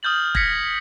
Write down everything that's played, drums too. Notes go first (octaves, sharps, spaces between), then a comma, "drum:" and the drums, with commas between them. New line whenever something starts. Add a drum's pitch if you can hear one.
D#6 F6 G6 A6 F#7
G#6 A#6 B6 C#7, drum: kick E1